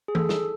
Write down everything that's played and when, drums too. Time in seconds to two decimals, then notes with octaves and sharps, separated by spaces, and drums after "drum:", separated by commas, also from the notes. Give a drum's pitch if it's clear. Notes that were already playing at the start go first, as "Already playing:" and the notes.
0.08 G#4
0.15 A4, drum: tom E3
0.29 drum: snare